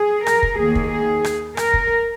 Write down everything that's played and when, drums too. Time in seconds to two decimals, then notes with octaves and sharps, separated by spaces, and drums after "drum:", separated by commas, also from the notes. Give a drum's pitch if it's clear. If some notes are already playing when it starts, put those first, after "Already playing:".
Already playing: G#4
0.26 A#4, drum: rim click
0.43 drum: kick
0.59 D#2 D#3 A#3 G#4
0.75 drum: kick
0.92 G#4
1.24 drum: rim click
1.57 A#4, drum: rim click
1.74 drum: kick